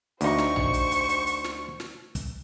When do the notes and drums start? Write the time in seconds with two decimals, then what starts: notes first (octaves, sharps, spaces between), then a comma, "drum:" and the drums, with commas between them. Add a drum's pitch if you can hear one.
0.21 D2 D#4 C5 C#6, drum: hi-hat
0.38 drum: snare
0.56 drum: tom A#1
0.74 drum: hi-hat
0.91 drum: hi-hat
1.09 drum: hi-hat
1.27 drum: hi-hat
1.44 drum: snare
1.80 drum: snare
2.15 drum: kick, hi-hat